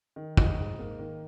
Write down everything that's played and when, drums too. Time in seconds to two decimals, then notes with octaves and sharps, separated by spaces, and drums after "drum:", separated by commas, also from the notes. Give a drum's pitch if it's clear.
0.16 D#3
0.37 D#4, drum: kick
0.58 G#2
0.79 A#3
0.99 D#3